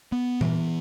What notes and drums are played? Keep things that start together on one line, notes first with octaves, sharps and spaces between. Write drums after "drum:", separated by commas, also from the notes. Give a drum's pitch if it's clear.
B3
E3, drum: tom A#2